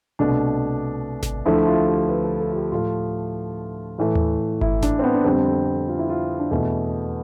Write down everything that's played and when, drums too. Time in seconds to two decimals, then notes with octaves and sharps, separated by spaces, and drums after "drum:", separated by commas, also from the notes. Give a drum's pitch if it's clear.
0.19 C2 B2 A3 D4
1.23 drum: snare G#1
1.46 D2 D3 F3 A3 E4
1.67 F4
1.88 G4
2.09 B4
2.24 A4
2.40 A4
2.51 F4
2.56 G4
2.72 A2 F3 A3 F4
3.98 A2 E3 A3
4.15 drum: tom D#2
4.61 E4, drum: kick G1
4.82 D4, drum: snare G#1
4.99 C4
5.04 B3
5.14 D4
5.25 F2 D3 G3 C4
5.88 F4
5.99 E4
6.09 F4
6.40 D4
6.51 E2 B2 A3 E4